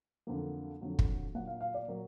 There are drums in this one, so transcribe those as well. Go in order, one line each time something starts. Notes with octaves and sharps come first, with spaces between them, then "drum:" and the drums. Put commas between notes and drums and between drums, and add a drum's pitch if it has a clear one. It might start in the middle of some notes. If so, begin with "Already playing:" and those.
F2 D3 F#3 A#3
F2 D3 F#3 A#3
drum: kick
A#2 F#3 A#3 F#5
F5
F5
D5
A#2 F#3 A#3 A#4